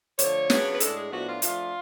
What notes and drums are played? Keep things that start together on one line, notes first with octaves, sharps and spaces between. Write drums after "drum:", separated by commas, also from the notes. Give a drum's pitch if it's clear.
D3 F3 A3 C#5, drum: hi-hat
C#3 F#3 B3 D4, drum: snare
B4
A2 G#3 D4 A4, drum: hi-hat
G#4
A2 F3 B3 D4 F#4
F4
F3 A3 D4 F4, drum: hi-hat